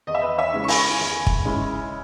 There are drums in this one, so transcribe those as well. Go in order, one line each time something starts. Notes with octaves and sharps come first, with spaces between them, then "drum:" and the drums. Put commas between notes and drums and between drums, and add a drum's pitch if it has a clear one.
E2 D#5
E5
B4 D#5
C#5 E5
C#3 G#3 C#4 E4
C#6
G#5 B5, drum: open hi-hat
E2
drum: kick
C#3 G#3 C#4 E4